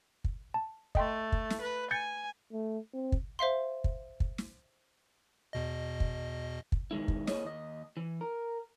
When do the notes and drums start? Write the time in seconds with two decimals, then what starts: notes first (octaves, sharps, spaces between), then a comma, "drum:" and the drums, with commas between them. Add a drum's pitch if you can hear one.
0.24 drum: kick
0.54 A5
0.95 A3 D#5 G5 C6, drum: kick
1.32 drum: kick
1.50 drum: snare
1.61 B4
1.91 G#5 G6 A6 C#7
2.52 A3
2.94 C4
3.12 drum: kick
3.39 C5 E5 F5 C6
3.84 drum: kick
4.20 drum: kick
4.38 drum: snare
5.53 E2 B2 D#5
6.00 drum: kick
6.72 drum: kick
6.91 B1 D#3 G#3 E4
7.08 drum: kick
7.27 A#3 E4 G#4 C#5 D#5, drum: snare
7.44 D#2 D#5
7.97 E3
8.21 A#4